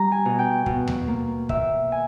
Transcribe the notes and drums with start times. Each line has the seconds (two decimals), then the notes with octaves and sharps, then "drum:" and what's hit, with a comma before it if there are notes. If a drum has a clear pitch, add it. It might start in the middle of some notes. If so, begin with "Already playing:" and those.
Already playing: G3 A#5
0.12 G#5
0.25 B2
0.38 G5
0.66 B2, drum: kick
0.88 drum: tom D#2
1.08 A#3
1.49 D#3 E5, drum: kick
1.92 G#5